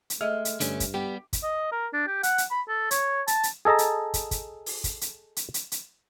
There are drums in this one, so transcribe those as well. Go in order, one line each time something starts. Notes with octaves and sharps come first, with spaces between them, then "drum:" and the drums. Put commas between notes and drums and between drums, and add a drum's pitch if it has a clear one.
drum: hi-hat
G#3 A3 E5 F6
drum: hi-hat
G2 D3 A3 C#4, drum: hi-hat
drum: kick, hi-hat
G3 B3 G4
drum: kick, hi-hat
D#5
A#4
D4
G4
F#5, drum: hi-hat
drum: hi-hat
B5
A4
C#5, drum: hi-hat
A5, drum: hi-hat
drum: hi-hat
G#4 A4 D#5 A5 A#5
drum: hi-hat
drum: kick, hi-hat
drum: kick, hi-hat
drum: open hi-hat
drum: kick, hi-hat
drum: hi-hat
drum: hi-hat
drum: hi-hat
drum: hi-hat